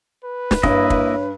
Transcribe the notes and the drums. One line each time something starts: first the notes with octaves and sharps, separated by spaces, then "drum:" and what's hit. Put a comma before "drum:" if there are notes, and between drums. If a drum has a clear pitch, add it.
B4
drum: snare
G2 A#3 E4 C#5 D#5, drum: kick
drum: kick